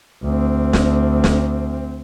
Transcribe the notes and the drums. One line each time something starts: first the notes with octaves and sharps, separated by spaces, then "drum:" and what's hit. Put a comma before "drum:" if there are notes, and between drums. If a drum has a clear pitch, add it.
D2 C4
drum: snare
drum: snare